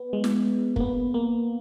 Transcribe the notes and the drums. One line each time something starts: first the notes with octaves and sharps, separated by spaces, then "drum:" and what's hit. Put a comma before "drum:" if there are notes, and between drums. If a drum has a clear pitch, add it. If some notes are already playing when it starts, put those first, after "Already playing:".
Already playing: B3
G#3
drum: snare
A#3, drum: kick
B3
A#3